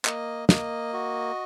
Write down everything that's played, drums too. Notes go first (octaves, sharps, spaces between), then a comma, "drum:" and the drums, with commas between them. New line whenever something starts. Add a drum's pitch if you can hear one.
A#3 D#5, drum: clap
A#3 D#5, drum: snare
F#4